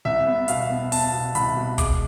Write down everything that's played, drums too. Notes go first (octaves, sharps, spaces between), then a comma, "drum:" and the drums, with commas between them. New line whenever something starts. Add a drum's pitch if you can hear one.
C2 E5
B3
B2 F5, drum: hi-hat
B3
B3 A5, drum: open hi-hat
B2
C2 B5, drum: hi-hat
B2
G#3 D6, drum: kick, hi-hat